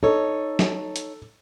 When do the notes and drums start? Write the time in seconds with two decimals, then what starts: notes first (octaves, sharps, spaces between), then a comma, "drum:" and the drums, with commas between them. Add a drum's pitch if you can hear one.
0.03 D#4 A4 C#5
0.59 drum: snare
0.96 drum: hi-hat